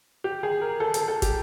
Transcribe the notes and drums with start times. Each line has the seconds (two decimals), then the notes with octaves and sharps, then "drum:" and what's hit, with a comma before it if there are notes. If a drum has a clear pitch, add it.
0.24 G4
0.43 G#4
0.61 A#4
0.80 A4
0.94 A4, drum: hi-hat
1.08 A4
1.22 G4, drum: kick, hi-hat